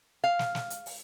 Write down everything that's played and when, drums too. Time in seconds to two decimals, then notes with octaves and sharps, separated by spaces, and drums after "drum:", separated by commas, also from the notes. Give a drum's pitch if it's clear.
0.24 F5
0.39 drum: snare
0.55 drum: snare
0.70 drum: hi-hat
0.86 drum: open hi-hat